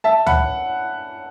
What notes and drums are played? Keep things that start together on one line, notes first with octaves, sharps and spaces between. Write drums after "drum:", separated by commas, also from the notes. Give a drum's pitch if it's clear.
E5 A5
F#5 B5, drum: tom D2